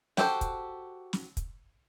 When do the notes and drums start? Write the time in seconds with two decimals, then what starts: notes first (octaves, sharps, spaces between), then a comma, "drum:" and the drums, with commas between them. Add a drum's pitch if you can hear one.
0.17 F#4 G4 A4 C5, drum: snare
0.41 drum: kick, hi-hat
1.13 drum: snare
1.37 drum: kick, hi-hat